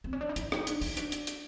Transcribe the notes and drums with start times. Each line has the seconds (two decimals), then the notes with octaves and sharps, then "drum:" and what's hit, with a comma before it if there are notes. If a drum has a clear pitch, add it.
0.04 C4
0.13 C#4
0.21 D4
0.29 D#4
0.36 E4, drum: hi-hat
0.52 D#4, drum: rim click
0.67 D4, drum: hi-hat
0.81 D#4, drum: open hi-hat
0.97 D4, drum: hi-hat
1.12 drum: hi-hat
1.27 drum: hi-hat